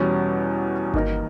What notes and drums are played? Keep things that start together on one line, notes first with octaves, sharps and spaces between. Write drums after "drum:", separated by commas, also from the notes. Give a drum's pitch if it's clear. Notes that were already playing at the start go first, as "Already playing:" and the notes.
Already playing: E2 B2 G3 C#4
D#3 A#3 D#4 A#4, drum: kick G1